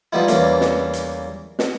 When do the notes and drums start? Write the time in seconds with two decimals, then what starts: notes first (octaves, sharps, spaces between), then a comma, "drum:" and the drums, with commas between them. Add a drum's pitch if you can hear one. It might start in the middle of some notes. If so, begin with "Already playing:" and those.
0.13 F3 G3 B3 D#4 E4
0.28 E2 E3 G3 A#3 C#4, drum: hi-hat
0.61 drum: snare
0.93 drum: hi-hat
1.59 drum: snare